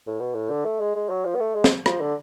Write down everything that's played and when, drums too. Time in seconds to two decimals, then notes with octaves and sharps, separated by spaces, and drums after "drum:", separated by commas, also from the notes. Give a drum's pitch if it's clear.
0.07 A2
0.20 B2
0.34 A2
0.50 D3
0.65 A3
0.80 G#3
0.95 G#3
1.09 F#3
1.25 F3
1.35 B3
1.40 A3
1.55 G#3
1.64 drum: snare
1.86 F3, drum: rim click
2.01 D3